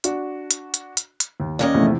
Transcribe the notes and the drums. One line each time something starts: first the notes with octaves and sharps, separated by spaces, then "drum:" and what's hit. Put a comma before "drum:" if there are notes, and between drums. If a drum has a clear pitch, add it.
D4 F#4, drum: hi-hat
drum: hi-hat
drum: hi-hat
drum: hi-hat
drum: hi-hat
D#2
D#2 A#3 C#4 D5 D#5
A#1 E2 C3 A3